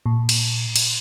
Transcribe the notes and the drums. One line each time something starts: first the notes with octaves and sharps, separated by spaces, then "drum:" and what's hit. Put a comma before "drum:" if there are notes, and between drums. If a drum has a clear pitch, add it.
A#2
drum: cymbal
drum: cymbal